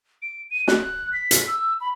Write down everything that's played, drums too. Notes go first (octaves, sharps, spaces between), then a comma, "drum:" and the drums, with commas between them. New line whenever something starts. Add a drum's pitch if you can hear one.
D7
D#7
F#6, drum: snare
B6
drum: hi-hat
E6
B5